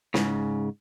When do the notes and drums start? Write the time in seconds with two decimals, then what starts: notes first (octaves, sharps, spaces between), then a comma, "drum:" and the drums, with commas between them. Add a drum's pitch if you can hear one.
0.14 G#2 C#3, drum: snare